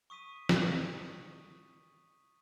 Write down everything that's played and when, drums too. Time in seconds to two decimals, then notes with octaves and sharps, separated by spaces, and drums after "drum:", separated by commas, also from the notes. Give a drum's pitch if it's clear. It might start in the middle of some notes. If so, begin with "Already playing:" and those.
0.10 C#6 D#6 B6 D#7
0.49 drum: snare